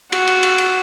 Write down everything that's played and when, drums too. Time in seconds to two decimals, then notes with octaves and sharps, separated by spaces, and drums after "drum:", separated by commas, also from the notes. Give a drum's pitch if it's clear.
0.12 F#4, drum: cymbal
0.27 drum: cymbal
0.43 drum: cymbal
0.58 drum: cymbal